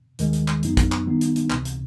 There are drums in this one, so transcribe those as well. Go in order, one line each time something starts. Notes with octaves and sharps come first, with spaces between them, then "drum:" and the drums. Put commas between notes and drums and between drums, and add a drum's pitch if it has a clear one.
D#2 D#3 G#3, drum: hi-hat
drum: hi-hat
drum: clap
F#2 C#3 F#3 B3 D#4, drum: hi-hat
drum: kick, hi-hat
drum: clap
D#3 G3 B3 D#4
drum: hi-hat
drum: hi-hat
C#2 C3 E3, drum: clap
drum: hi-hat